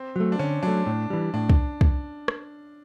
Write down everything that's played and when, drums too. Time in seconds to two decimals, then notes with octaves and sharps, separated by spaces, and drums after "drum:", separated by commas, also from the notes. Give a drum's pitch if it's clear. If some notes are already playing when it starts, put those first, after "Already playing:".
Already playing: C4
0.16 F#3 A3
0.32 D4
0.39 D3 C#4
0.63 F#3 A3 D4
0.86 A2
1.10 E3 G3
1.34 A2 D4
1.49 drum: kick
1.81 drum: kick
2.28 drum: rim click